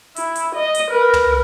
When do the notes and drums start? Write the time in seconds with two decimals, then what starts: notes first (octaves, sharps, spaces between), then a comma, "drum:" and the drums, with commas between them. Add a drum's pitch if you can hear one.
0.16 E4, drum: hi-hat
0.36 drum: hi-hat
0.55 D#5
0.75 drum: hi-hat
0.91 A#4 B4
1.14 drum: tom